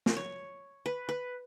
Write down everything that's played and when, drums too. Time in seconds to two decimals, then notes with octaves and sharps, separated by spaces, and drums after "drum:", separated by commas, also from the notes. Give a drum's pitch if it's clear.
0.06 drum: snare
0.16 C#5
0.86 B4
1.09 B4